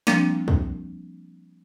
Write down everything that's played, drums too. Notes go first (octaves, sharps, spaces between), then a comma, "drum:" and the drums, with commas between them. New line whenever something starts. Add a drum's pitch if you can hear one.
F3 G3 A#3 C4 D4, drum: snare
drum: kick